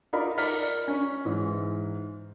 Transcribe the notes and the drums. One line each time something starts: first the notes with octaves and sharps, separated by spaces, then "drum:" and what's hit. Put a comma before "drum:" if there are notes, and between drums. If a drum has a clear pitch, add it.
D#4 F4 A#4 D5 B5
A#4 D5 F6 B6, drum: open hi-hat
C#4
G#2 E3